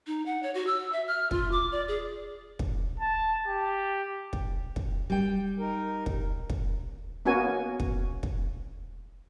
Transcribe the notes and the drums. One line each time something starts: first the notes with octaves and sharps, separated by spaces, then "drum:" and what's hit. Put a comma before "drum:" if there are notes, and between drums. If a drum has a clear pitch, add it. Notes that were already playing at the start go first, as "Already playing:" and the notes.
D#4
F#5
C#5
F#4
E6
E5
F6
F4, drum: kick
D6
D5
G#4
drum: kick
A5
G4
drum: kick
drum: kick
G3 G5
D#4 A#4
drum: kick
drum: kick
A#3 B3 C#4 F#4 G#5
drum: kick
drum: kick